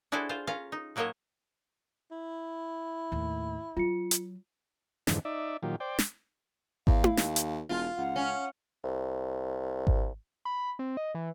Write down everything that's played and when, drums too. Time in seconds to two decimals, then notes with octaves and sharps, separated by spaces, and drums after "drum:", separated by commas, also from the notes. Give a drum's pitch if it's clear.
0.12 D4 E4 F#4 G#4 A4 C5
0.29 F4 C5
0.47 C#4 F4 F5 A#5
0.72 D#4
0.96 A2 F#3 A#3 C#5 D#5 E5
2.11 E4
3.12 D#2 A2
3.77 F#3 F4 C#7
4.11 drum: hi-hat
5.07 F2 G#2 D3 E3, drum: snare
5.25 D#4 D5 E5
5.63 A#2 D#3 F#3 F4 G4
5.80 C5 D5 G5
5.99 drum: snare
6.87 E2 F5, drum: kick G#1
7.04 drum: tom E4
7.17 D#2, drum: snare
7.36 drum: hi-hat
7.69 E1 F4
7.98 C#2 F#5
8.16 C#4
8.84 C2
9.87 drum: kick G#1
10.45 B5
10.79 C4
10.97 D#5
11.15 E3